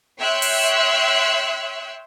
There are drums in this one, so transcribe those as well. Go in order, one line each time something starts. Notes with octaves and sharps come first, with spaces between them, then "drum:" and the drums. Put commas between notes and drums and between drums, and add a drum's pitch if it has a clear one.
C#5 E5 G5 C6 E6 F#6
drum: open hi-hat